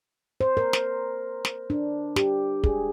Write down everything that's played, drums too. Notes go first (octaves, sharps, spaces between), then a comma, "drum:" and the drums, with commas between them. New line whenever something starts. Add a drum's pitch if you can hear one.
C5
A#4
drum: snare
drum: snare
D4
G4, drum: snare
G#4, drum: kick